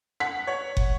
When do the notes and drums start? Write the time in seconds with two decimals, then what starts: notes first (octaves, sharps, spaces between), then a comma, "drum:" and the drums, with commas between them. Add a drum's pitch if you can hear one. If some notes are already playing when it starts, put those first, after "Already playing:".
0.20 F#5 B6
0.47 C#5
0.77 drum: kick